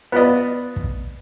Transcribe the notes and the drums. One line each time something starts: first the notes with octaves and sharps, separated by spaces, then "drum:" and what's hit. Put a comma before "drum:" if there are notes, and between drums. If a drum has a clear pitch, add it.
B3 F4 B4 D5 D#5
drum: kick